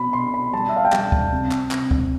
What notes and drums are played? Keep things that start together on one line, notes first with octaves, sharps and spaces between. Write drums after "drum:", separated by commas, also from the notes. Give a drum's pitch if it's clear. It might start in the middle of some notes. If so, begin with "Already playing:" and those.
Already playing: B2 B5
B2 C6
B5
G3 A5
E5
F5
G5
G3 A5, drum: clap
drum: kick
C3
drum: clap
C3, drum: clap
drum: kick